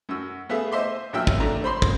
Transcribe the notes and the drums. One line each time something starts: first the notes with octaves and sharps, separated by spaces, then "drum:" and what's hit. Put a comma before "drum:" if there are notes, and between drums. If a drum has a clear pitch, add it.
F#2 F#4 E6
A3 B3 G#4 E5 F5
C5 D#5 E5 C6 D6
A#1 F#3 E5 G5 E6 F6
drum: kick
A3 D4 A#5
C5 B5 C6
drum: kick